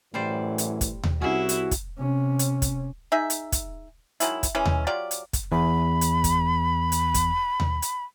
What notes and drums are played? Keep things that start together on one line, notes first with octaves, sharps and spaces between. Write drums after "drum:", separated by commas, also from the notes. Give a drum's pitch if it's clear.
F#2 A2 E3 G3 C5 D5
drum: hi-hat
drum: kick, hi-hat
drum: tom D#2
C2 C#4 E4 F#4 G#4
drum: hi-hat
drum: kick, hi-hat
C3 C#4
drum: hi-hat
drum: kick, hi-hat
D#4 G#4 E5
drum: hi-hat
drum: kick, hi-hat
D#3 F#3 G#3 E4, drum: hi-hat
drum: kick, hi-hat
E3 G#3 C#4
drum: tom D#2
F#3 F4 G4 D5
drum: hi-hat
drum: kick, hi-hat
E2 B5
drum: hi-hat
drum: kick, hi-hat
drum: hi-hat
drum: kick, hi-hat
drum: tom D#2
drum: hi-hat